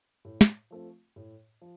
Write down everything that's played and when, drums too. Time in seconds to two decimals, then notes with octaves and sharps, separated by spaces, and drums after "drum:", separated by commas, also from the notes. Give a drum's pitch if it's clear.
0.25 A2
0.41 drum: snare
0.71 F3 A3 C4 F4
1.16 A2
1.61 F3